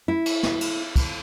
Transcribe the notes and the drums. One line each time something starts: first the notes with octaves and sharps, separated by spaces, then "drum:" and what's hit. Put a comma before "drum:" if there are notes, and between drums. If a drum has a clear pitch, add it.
E4
drum: cymbal
drum: snare
drum: cymbal
drum: kick, cymbal